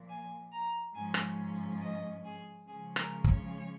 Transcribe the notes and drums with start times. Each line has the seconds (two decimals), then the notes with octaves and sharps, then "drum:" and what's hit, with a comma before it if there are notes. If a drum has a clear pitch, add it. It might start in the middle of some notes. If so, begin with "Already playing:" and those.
Already playing: A#2 F3 A#3
0.08 G#5
0.51 A#5
0.94 G#2 F3 C#4 G#5
1.14 drum: rim click
1.81 D#5
2.24 G#4
2.67 C#3 F3 G#3 C#4 G#4
2.96 A#4, drum: rim click
3.24 C#5, drum: kick